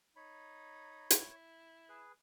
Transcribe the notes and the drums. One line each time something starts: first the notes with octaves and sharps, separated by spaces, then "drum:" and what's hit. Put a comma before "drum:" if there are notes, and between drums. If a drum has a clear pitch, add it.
D#4 C#5 B5
E4, drum: hi-hat
G#4 B4